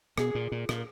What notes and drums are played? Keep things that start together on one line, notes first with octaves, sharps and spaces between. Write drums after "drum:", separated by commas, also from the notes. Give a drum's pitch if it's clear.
B2 G#4, drum: rim click
A#2
A#2
A#2, drum: rim click